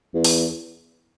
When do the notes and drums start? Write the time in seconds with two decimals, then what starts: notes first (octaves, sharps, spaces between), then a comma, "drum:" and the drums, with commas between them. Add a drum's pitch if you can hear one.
0.14 E2
0.24 drum: open hi-hat